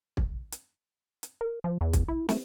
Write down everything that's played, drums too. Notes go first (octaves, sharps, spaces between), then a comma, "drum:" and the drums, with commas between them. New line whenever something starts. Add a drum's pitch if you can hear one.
drum: kick
drum: hi-hat
drum: hi-hat
A#4
F3
E2
drum: kick, hi-hat
E4
A3, drum: snare